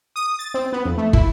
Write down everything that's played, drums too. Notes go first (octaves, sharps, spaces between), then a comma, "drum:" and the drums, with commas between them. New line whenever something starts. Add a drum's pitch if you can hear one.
D#6
A6
C4
B3
F2
A3
E4, drum: kick